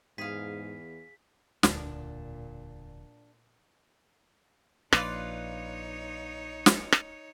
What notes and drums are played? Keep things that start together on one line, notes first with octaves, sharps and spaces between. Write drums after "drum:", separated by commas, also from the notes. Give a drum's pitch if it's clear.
E2 G#2 G#4 F5 B6
E1 D2 A#2 D3 D4, drum: snare
A#1 D#4 F4 B4 C#5 D5 C6, drum: rim click
drum: snare
drum: rim click